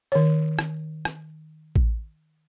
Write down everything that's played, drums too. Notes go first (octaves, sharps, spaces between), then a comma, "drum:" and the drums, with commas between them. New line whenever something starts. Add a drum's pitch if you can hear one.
D#3 C#5
drum: rim click
drum: rim click
drum: kick A1